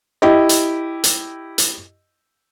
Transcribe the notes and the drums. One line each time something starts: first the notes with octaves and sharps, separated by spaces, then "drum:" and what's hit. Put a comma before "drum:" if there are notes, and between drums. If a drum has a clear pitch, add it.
E4 G4 D#5
drum: hi-hat
drum: hi-hat
drum: hi-hat